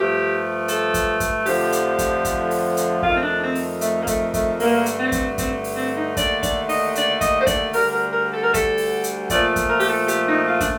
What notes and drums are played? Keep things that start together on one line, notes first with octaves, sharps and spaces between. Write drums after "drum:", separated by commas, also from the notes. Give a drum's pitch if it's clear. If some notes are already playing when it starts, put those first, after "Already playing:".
Already playing: G2 F3 A3 G4
A4, drum: hi-hat
drum: kick, hi-hat
drum: kick, hi-hat
F2 D3 F3 A3 G4, drum: open hi-hat
drum: hi-hat
drum: kick, hi-hat
drum: kick, hi-hat
drum: open hi-hat
drum: hi-hat
F2 D#3 A3 F4, drum: kick
C4
D4
C4
drum: open hi-hat
A3, drum: hi-hat
A#3
A3, drum: kick, hi-hat
A3, drum: kick, hi-hat
G2 D3 A3 A#3, drum: open hi-hat
drum: hi-hat
C4
drum: kick, hi-hat
C4, drum: kick, hi-hat
drum: open hi-hat
C4
D#4
D#2 D3 A3 D5, drum: kick, hi-hat
D5, drum: kick, hi-hat
D#5, drum: open hi-hat
D5, drum: hi-hat
D#5, drum: kick, hi-hat
C5
D5, drum: kick, hi-hat
D2 D3 G3 A#4, drum: open hi-hat
A#4
A#4
A4
A#4
A4, drum: kick, hi-hat
drum: open hi-hat
drum: hi-hat
A#2 F3 A3 D5, drum: kick, hi-hat
drum: kick, hi-hat
A#4
G4, drum: open hi-hat
A4
G4, drum: hi-hat
D#4
F4
D4, drum: kick, hi-hat